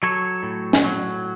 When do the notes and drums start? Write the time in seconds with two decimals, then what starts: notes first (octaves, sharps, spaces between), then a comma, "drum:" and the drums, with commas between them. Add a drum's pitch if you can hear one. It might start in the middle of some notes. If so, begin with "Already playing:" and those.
0.03 F#3 A4 C#5
0.43 A2
0.73 drum: snare C#4
0.84 F#3